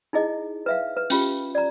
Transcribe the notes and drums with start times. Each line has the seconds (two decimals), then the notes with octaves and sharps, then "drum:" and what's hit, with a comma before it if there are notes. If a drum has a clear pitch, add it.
0.13 D#4 E4 G#4 D#5
0.66 B4 E5 F5
0.97 B4
1.10 C#4 F4 G4, drum: open hi-hat
1.55 D5 A#5